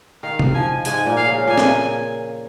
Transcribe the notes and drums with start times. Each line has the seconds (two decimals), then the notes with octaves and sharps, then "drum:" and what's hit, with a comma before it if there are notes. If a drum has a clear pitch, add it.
0.23 D#3 F5
0.39 drum: tom C3
0.54 F3 G#5
0.85 G#2 G#3 G#5, drum: hi-hat
1.06 A#2 A#3
1.17 F5
1.26 C#3 C#4
1.47 A#2 A#3 G#5
1.58 drum: snare